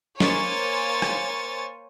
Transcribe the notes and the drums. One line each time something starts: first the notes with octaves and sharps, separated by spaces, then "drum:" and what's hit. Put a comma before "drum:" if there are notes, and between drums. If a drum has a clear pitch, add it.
A#3 C5 C#5 G#5 C#6 A6, drum: snare
drum: rim click